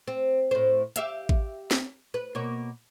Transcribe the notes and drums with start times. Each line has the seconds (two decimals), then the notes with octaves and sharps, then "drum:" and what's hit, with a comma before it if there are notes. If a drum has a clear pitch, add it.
0.08 C4
0.51 A2 C5
0.96 G4 E5 F5, drum: hi-hat
1.29 drum: kick A1
1.71 drum: snare
2.14 B4
2.35 B2 A#3 C#5